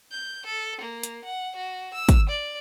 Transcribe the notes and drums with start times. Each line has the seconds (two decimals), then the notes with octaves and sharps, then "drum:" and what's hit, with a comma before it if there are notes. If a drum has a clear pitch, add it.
0.11 G6
0.46 A4
0.82 A#3
1.03 drum: hi-hat
1.25 F#5
1.56 F#4
1.94 E6
2.09 drum: kick, hi-hat
2.29 D5